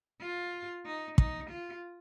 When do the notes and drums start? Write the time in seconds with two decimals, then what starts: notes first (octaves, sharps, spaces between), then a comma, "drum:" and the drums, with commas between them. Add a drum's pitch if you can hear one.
0.21 F4
0.86 D#4
1.18 D#4, drum: kick
1.50 F4